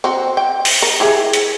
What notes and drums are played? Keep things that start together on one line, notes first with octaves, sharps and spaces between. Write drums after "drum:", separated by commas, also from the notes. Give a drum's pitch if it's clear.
C4 F#4
G5
drum: open hi-hat
A#4
E4 G4 G#4
drum: hi-hat